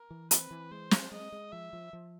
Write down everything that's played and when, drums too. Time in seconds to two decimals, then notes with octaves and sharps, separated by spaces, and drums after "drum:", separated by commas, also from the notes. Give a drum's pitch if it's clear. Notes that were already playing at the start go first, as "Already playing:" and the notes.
Already playing: A#4
0.11 E3
0.31 C4 B4, drum: hi-hat
0.51 E3
0.71 G#3 C5
0.91 C4, drum: snare
1.12 G#3 D#5
1.32 G#3
1.52 F3 E5
1.73 F3
1.93 F3